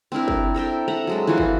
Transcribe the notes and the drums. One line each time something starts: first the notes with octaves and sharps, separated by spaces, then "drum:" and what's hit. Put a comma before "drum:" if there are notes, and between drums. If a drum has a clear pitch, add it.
C4 D4 E4 A#4
drum: kick
A4 A#4 E5 G5
A4 E5 F#5 A#5
F#3 G#3 A4
E3 F3 F4 F#4
drum: kick